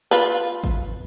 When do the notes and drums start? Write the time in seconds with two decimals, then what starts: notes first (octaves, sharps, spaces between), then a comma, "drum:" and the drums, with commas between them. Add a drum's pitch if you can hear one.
0.11 F4 B4
0.64 drum: kick